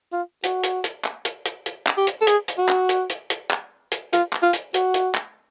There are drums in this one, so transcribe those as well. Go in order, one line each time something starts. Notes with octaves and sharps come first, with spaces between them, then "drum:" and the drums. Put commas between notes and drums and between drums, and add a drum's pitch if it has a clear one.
F4
F#4, drum: hi-hat
drum: hi-hat
drum: hi-hat
drum: clap
drum: hi-hat
drum: hi-hat
drum: hi-hat
drum: clap
G4
drum: hi-hat
A4
G#4, drum: hi-hat
drum: hi-hat
F#4
drum: clap
drum: hi-hat
drum: hi-hat
drum: hi-hat
drum: clap
drum: hi-hat
F4, drum: hi-hat
drum: clap
F4
drum: hi-hat
F#4, drum: hi-hat
drum: hi-hat
drum: clap